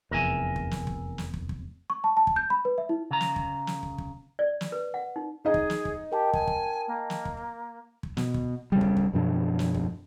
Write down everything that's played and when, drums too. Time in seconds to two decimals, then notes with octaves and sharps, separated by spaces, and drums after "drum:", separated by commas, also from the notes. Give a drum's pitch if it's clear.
0.11 F1 E2 A#4 E5 G#5
0.56 drum: kick
0.71 drum: snare
0.87 drum: kick
1.18 drum: snare
1.34 drum: kick
1.49 drum: kick
1.90 C#6
2.04 A5
2.17 A5
2.27 drum: kick
2.36 G6
2.50 B5
2.65 B4
2.78 E5
2.89 E4
3.11 C#3 A#5
3.21 drum: snare
3.36 drum: kick
3.67 drum: snare
3.83 drum: kick
3.98 drum: kick
4.39 D5
4.61 drum: snare
4.72 B4
4.94 F#5
5.16 D#4
5.45 D#4 G#4 D#5
5.54 drum: kick
5.70 drum: snare
5.85 drum: kick
6.12 G4 A#4 G5 A5
6.33 G#5, drum: kick
6.48 drum: kick
6.88 A#3
7.10 drum: snare
7.25 drum: kick
8.03 drum: kick
8.17 B2, drum: snare
8.34 drum: kick
8.72 C#3 G3
8.81 drum: kick
8.97 drum: kick
9.14 F#2 B2 F3 D4
9.59 drum: snare
9.75 drum: kick